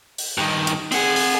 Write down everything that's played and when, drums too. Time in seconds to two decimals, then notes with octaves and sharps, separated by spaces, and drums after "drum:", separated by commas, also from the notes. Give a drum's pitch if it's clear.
0.18 drum: open hi-hat
0.38 G2 D#3
0.67 drum: hi-hat
0.92 C4 G#4 F#5, drum: open hi-hat
1.16 drum: open hi-hat